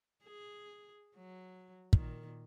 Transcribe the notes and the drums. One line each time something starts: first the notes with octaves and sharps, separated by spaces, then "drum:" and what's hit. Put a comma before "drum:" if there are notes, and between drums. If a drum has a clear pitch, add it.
G#4
F#3
A#2 D#3, drum: kick